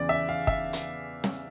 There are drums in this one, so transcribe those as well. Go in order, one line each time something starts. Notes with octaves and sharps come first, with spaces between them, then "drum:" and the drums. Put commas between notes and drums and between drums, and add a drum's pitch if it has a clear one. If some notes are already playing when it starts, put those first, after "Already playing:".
Already playing: E2 C#3 E3 D5
E5
F5
E5, drum: kick
drum: hi-hat
drum: snare